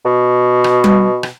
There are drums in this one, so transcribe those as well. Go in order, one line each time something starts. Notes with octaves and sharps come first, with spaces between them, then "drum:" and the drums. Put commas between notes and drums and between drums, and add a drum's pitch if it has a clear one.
B2
drum: rim click
drum: tom G3
drum: rim click